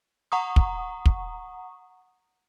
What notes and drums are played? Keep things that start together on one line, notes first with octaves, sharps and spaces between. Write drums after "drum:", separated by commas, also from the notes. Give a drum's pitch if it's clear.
F#5 A#5 C#6 D#6
drum: kick
drum: kick